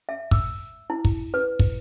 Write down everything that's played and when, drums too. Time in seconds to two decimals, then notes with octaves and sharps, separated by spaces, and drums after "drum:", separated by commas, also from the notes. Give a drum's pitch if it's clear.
0.09 E5
0.31 E6, drum: kick
0.90 E4
1.05 drum: kick
1.34 B4
1.60 drum: kick